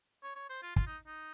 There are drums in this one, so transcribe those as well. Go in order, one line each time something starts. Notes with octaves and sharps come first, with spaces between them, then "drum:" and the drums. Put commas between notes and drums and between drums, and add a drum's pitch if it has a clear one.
C#5
C#5
C5
F4
F4, drum: kick
D#4
D#4